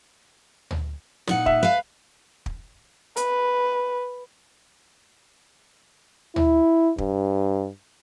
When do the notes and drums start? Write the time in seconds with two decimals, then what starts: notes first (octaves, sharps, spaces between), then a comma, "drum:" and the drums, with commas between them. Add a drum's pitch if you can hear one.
0.71 drum: tom
1.27 A#2 D#4 F#5, drum: snare
1.46 E5, drum: kick
1.63 B4 F5
2.46 drum: kick
3.16 B4, drum: hi-hat
6.36 E4, drum: tom
6.98 G2, drum: kick